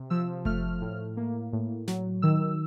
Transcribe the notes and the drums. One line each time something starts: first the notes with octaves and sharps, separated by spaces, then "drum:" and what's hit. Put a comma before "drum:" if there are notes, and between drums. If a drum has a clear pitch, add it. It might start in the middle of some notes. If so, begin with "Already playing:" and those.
Already playing: C3
F3 E6
A3 F6, drum: kick F#1
A2
A#3
A2
F#3, drum: snare
D#3 E6